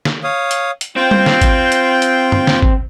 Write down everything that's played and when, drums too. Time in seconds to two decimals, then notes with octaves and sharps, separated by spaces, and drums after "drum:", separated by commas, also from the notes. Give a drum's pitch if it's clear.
0.05 drum: snare
0.24 C#5 F5 D#6
0.51 drum: hi-hat
0.81 drum: hi-hat
0.96 C4 F4 G5 G6
1.11 drum: tom G3
1.26 drum: snare
1.42 drum: kick G#1, hi-hat
1.72 drum: hi-hat
2.02 drum: hi-hat
2.32 drum: tom
2.47 drum: snare
2.62 drum: kick G#1